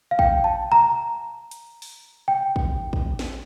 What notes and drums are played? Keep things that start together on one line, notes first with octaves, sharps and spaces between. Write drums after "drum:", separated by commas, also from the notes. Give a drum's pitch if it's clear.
F5
G5, drum: kick
A5
A#5
drum: hi-hat
drum: open hi-hat
G5
drum: kick
drum: kick
drum: snare